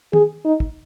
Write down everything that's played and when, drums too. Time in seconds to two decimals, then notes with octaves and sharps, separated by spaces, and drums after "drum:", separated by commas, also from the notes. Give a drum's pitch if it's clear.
0.13 G#4, drum: tom
0.45 D#4
0.60 drum: kick